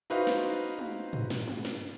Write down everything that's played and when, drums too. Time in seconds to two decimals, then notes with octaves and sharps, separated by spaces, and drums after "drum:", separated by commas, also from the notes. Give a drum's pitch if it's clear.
0.10 D#4 E4 F#4 B4 C5 F5
0.27 drum: snare
0.79 drum: tom
1.13 drum: tom
1.30 drum: snare
1.48 drum: tom
1.65 drum: snare